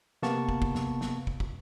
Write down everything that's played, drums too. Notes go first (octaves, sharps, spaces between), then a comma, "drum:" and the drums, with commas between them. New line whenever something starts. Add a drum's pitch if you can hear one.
C3 A#3 B3 A5 C#6, drum: snare
drum: kick
drum: kick
drum: snare
drum: snare
drum: kick
drum: kick